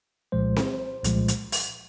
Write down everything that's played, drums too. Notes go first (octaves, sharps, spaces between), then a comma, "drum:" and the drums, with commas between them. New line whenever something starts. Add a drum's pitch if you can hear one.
C2 A#2 F3 G#3 C5
drum: snare C4
C2 A#2 F3 G#3, drum: hi-hat
drum: hi-hat
drum: open hi-hat